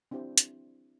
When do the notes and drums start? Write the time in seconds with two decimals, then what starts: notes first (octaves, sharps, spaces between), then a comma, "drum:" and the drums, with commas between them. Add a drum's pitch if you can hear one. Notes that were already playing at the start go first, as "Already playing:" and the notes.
0.11 C4 D4 E4 G4 C5
0.38 drum: hi-hat